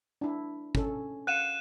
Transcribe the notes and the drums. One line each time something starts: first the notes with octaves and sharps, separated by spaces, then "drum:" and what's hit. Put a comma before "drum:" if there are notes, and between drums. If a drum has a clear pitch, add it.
D4 E4
C#4 A4, drum: kick
F5 F#5 F#6 D#7 E7